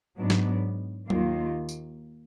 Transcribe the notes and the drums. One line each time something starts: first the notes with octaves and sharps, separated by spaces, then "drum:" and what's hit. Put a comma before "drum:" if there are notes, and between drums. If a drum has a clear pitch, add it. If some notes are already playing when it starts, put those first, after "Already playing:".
G#2 F#3 B3 D4
drum: snare
D#2 D#3 A#3 F4, drum: tom F#3
drum: tambourine